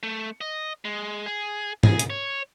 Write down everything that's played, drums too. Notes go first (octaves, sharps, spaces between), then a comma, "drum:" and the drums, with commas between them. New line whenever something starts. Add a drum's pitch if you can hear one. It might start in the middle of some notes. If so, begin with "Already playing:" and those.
A3
D#5
G#3
G#4
G#4, drum: tom
drum: hi-hat
C#5